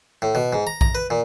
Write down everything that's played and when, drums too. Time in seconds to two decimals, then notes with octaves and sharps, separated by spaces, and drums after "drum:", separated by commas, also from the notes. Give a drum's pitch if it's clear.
0.22 A2
0.35 B2
0.53 G#2
0.67 A#5
0.81 A#5, drum: kick A#1
0.95 B4
1.10 A#2